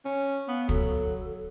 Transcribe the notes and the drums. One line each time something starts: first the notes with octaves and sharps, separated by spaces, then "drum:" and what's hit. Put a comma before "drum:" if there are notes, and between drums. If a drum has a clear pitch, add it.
C#4
B3 F5
F#3 A4, drum: kick